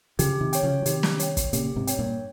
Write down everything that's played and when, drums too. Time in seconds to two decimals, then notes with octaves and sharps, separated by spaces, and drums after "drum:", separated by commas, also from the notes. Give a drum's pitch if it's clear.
0.19 C#3 F3 G4, drum: hi-hat
0.41 C3 D#3
0.53 C#5 G5, drum: hi-hat
0.63 C#3 F3
0.82 F3
0.86 C3 D#3 G4, drum: hi-hat
1.03 drum: snare
1.19 C#5 G5, drum: hi-hat
1.37 drum: kick, hi-hat
1.53 A#2 C#3 G4, drum: hi-hat
1.76 G#2 C3
1.87 C#5 G5, drum: hi-hat
1.99 G2 A#2